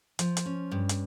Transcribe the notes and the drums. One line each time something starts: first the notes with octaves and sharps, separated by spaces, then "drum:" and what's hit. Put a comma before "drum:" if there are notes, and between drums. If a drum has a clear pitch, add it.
F3, drum: hi-hat
drum: hi-hat
C#4
G2
drum: hi-hat